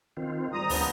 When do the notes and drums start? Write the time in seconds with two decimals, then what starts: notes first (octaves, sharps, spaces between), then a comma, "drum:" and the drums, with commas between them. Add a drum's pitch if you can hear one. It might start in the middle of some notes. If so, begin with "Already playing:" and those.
0.17 D#3 C4 F4
0.53 G#2 G3 A#5 D#6
0.70 D2 F3 B3 D4, drum: open hi-hat